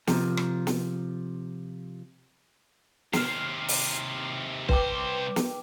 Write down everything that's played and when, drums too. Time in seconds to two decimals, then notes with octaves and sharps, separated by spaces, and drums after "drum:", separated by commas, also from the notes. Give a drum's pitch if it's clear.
0.07 C3 F3 A#4, drum: snare
0.37 drum: rim click
0.67 drum: snare
3.13 D#2 C3 F6 C7, drum: snare
3.69 drum: open hi-hat
4.69 C2 B4 C5 G5 D6, drum: kick
5.36 drum: snare